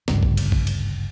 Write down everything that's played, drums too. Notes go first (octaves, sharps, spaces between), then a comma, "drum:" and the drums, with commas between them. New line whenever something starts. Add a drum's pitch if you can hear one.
G#1 D2 G2 C#3, drum: snare
drum: kick A#1
drum: cymbal
drum: kick A#1
drum: cymbal